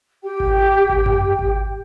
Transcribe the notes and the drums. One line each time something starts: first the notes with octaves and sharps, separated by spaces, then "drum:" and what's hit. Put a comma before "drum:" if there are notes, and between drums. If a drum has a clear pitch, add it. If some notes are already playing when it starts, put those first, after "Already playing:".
G4 G5
drum: kick G#1
drum: kick G#1
drum: tom F#2
drum: kick G#1